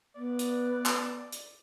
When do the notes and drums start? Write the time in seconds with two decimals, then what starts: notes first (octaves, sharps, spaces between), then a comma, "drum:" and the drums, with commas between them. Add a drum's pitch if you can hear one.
0.16 B3 D5
0.39 drum: hi-hat
0.86 drum: clap
1.32 drum: hi-hat